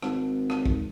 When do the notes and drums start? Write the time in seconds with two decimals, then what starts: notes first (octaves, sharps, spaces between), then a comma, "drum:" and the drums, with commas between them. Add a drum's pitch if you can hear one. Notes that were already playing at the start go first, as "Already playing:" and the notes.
0.03 G#1, drum: rim click
0.50 drum: rim click
0.66 drum: kick